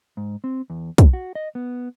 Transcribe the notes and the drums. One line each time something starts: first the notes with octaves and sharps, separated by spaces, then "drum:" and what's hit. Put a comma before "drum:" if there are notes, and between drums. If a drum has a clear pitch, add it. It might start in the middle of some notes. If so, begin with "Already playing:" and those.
G#2
C4
E2
F#2, drum: kick, hi-hat
F#4
D#5
B3